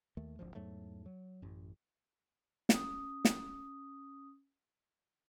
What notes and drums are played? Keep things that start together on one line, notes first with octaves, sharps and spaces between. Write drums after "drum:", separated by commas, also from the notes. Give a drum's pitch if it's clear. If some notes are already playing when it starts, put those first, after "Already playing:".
D#2 D#3 A3
D1 G#1 D2 F3
E2 G#2 F#3 A3
F#3
A1 F#2
C#4 D#6, drum: snare
drum: snare